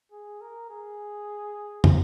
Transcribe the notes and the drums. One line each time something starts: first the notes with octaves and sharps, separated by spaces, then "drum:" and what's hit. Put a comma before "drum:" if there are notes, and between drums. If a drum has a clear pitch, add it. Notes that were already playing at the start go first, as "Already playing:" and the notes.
G#4
A#4
G#4
drum: tom